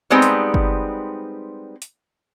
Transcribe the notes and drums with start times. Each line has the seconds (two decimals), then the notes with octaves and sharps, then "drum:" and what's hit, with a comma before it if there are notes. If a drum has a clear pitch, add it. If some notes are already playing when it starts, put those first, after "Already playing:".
0.10 G3 G#3 B3 C4 D#4
0.22 drum: hi-hat
0.54 drum: kick G1
1.82 drum: hi-hat